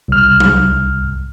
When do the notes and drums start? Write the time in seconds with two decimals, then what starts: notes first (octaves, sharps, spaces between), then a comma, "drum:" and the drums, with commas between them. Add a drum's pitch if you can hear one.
0.08 C2 F6
0.40 drum: tom F#3